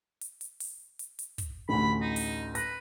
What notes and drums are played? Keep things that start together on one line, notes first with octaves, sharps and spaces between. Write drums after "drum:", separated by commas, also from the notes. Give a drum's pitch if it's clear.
drum: hi-hat
drum: hi-hat
drum: open hi-hat
drum: hi-hat
drum: hi-hat
drum: kick, hi-hat
A1 D2 B5
D#4
drum: open hi-hat
B4 A#6, drum: hi-hat